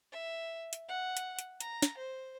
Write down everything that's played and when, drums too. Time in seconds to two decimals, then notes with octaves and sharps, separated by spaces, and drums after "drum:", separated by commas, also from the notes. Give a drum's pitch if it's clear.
0.12 E5
0.73 drum: hi-hat
0.88 F#5
1.17 drum: hi-hat
1.39 drum: hi-hat
1.61 A#5, drum: hi-hat
1.82 drum: snare
1.97 C5